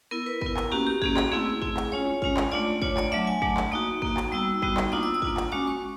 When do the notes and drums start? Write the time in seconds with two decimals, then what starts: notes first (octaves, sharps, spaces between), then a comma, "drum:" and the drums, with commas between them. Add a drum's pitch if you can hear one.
0.11 B3 E4 A#4
0.26 B4
0.41 B3 E4 A#4, drum: kick
0.57 drum: clap
0.72 A#3 C#4 F#4 G4
0.87 G4
1.02 A#3 C#4 F#4 G#4, drum: kick
1.17 G#4, drum: clap
1.31 A3 C4 E4 G#4
1.62 A3 C4 E4, drum: kick
1.77 drum: clap
1.92 G#3 C#4 F4 C#5
2.22 G#3 C#4 F4, drum: kick
2.37 drum: clap
2.52 A3 D4 F4 D5
2.82 A3 D4 F4 C#5, drum: kick
2.97 D5, drum: clap
3.12 F#3 A3 D4 E5
3.27 G#5
3.42 F#3 A3 D4 A5, drum: kick
3.57 drum: clap
3.71 A#3 D#4 F#4 D#6
4.02 A#3 D#4 F#4, drum: kick
4.17 drum: clap
4.32 G3 B3 D#4 F#4 E6
4.62 G3 B3 D#4 F#4, drum: kick
4.77 drum: clap
4.92 A#3 D4 F4 D#6
5.03 E6
5.14 D#6
5.22 A#3 D4 F4, drum: kick
5.37 drum: clap
5.52 G#3 C#4 F#4 D6
5.67 C#6